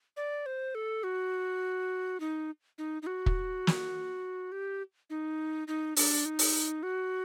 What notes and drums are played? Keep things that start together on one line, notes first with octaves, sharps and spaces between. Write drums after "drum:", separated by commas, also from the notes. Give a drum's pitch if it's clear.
D5
C5
A4
F#4
D#4
D#4
D#4
F#4
drum: kick
drum: snare
G4
D#4
D#4
D4, drum: open hi-hat
D#4
drum: open hi-hat
F#4